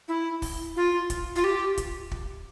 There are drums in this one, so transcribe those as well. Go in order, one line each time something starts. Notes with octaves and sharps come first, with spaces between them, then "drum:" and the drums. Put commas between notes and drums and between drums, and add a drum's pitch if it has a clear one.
E4
drum: kick, open hi-hat
F4
drum: kick, hi-hat
F4
G4
drum: kick, hi-hat
drum: kick